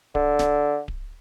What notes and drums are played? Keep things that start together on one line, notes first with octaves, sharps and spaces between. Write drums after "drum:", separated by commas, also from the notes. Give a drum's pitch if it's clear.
D3, drum: kick D1
drum: snare D1
drum: kick D1